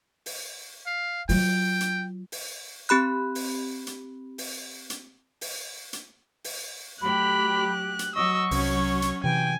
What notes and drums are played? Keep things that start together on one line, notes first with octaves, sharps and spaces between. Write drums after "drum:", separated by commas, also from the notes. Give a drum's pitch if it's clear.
drum: open hi-hat
F5
F#3 F4 G5, drum: open hi-hat
drum: hi-hat
drum: open hi-hat
C4 G4 B5 F#6
drum: open hi-hat
drum: hi-hat
drum: open hi-hat
drum: hi-hat
drum: open hi-hat
drum: hi-hat
drum: open hi-hat
F#3 A3 G4 B5 F#6
drum: hi-hat
F#3 D#5 C#6 E6
C2 C#4 C#5, drum: open hi-hat
drum: hi-hat
C3 E3 G5 G#5